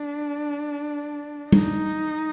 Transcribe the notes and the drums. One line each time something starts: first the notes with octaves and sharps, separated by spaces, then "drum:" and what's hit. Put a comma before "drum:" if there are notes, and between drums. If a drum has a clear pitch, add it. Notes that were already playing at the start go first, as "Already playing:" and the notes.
Already playing: D4
D#4, drum: tom G3